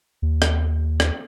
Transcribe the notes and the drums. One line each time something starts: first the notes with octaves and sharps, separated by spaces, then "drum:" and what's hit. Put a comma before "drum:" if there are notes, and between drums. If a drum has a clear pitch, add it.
D#2
drum: rim click
drum: rim click